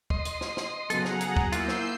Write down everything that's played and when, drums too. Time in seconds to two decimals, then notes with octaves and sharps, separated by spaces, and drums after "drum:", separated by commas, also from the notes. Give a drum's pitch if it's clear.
0.10 D#5 C6, drum: kick
0.25 drum: hi-hat
0.41 drum: snare
0.57 drum: snare
0.90 C#3 F#3 B3 F#4 G#4 A4 F#5 A#5, drum: hi-hat
1.05 drum: snare
1.21 drum: hi-hat
1.36 drum: kick
1.52 A#3 E4 F4 E6 G6 C7, drum: hi-hat
1.68 drum: snare